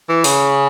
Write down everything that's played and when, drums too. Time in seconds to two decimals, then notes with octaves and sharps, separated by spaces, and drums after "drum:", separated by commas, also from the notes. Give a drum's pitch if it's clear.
0.09 E3
0.24 C#3, drum: open hi-hat